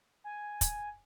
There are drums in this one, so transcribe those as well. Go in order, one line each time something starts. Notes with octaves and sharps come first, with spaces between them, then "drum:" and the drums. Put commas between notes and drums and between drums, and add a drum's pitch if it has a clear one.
G#5
drum: kick, hi-hat